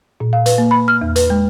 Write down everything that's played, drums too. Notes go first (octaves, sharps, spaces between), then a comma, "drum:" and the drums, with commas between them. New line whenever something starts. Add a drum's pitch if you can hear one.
A#2
F5
B4, drum: hi-hat
A#3
B5
F6
E2
B4, drum: hi-hat
G#3